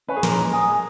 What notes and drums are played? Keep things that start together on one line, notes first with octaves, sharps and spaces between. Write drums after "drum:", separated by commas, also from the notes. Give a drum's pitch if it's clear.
C#4 B4
G#4
A#2 A#4, drum: snare
G#3
G#4
G#3